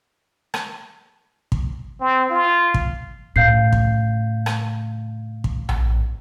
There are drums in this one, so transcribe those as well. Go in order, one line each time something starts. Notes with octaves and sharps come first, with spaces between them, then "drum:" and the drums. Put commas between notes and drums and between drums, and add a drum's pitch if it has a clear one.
drum: rim click
drum: kick
C4
F4
drum: kick
A2 C#3 F5 G6 C7
drum: kick
drum: rim click
drum: kick
drum: tom A#1